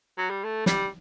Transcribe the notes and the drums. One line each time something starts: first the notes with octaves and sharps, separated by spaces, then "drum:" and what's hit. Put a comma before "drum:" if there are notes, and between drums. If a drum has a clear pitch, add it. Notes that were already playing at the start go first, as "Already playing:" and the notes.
F#3
G3
A3
G3, drum: snare